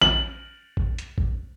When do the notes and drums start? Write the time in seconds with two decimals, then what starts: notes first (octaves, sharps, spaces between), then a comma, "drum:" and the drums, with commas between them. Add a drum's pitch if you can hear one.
0.02 F#7, drum: snare
0.77 drum: kick
0.99 drum: hi-hat
1.18 drum: kick